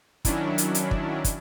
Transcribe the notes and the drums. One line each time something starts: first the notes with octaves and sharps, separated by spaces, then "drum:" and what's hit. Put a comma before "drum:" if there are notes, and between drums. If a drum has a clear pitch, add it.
D#3 F#3 C#4 D4 E4, drum: kick, hi-hat
drum: hi-hat
drum: hi-hat
drum: kick
drum: kick, hi-hat